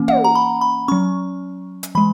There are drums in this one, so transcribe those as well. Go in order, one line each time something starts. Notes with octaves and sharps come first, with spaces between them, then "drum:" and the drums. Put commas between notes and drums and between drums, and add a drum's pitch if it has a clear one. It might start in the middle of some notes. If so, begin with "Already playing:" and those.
Already playing: E3 A#3 C#4
F#5, drum: tom
A#5
B5
B5
F#3 C#4 C#6
drum: hi-hat
E3 G#3 B5